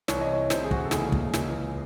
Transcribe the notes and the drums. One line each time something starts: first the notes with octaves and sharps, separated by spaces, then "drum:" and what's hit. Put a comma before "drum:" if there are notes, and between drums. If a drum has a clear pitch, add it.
C2 C3 E3 C#5, drum: snare
D#5
C#5
C2 C3 D#3 C5, drum: snare
G#4
F#4, drum: kick
A4
E1 D#2 C#3 E3 G#4, drum: snare
drum: kick
C#2 C#3 E3, drum: snare